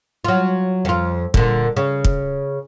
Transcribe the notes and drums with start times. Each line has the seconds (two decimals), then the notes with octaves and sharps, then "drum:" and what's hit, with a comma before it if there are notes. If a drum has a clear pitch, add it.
0.24 F#3 F4
0.85 F2 F4
1.34 A#2 D3, drum: kick
1.77 C#3
2.04 drum: kick